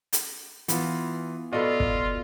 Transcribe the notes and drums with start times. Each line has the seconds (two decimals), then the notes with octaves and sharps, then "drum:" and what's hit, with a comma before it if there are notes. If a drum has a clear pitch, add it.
0.13 drum: hi-hat
0.68 E3 B3 F4, drum: hi-hat
1.53 B2 F4 A4 B4 D5 D#5
1.80 drum: kick